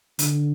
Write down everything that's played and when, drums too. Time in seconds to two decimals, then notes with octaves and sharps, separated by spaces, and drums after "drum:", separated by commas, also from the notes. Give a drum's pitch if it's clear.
0.19 D3, drum: hi-hat